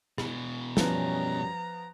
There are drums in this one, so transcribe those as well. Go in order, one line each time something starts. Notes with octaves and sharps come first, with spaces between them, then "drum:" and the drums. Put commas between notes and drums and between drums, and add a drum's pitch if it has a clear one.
B2 E3, drum: rim click
F#2 F3 G3 B3 C#4 A#5, drum: snare